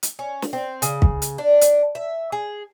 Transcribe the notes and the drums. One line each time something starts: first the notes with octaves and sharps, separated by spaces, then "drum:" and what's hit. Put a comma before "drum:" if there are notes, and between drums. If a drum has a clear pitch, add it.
drum: hi-hat
C#4
drum: snare
C4
C#3, drum: hi-hat
drum: kick
drum: hi-hat
D4
drum: hi-hat
E5
G#4